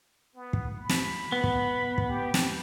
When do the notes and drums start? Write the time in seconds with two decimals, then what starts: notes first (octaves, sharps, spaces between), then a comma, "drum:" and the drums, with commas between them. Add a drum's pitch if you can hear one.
0.35 B3
0.53 drum: kick
0.78 B5
0.89 drum: snare
1.32 B3
1.44 drum: kick
1.98 drum: kick
2.09 G4
2.34 drum: snare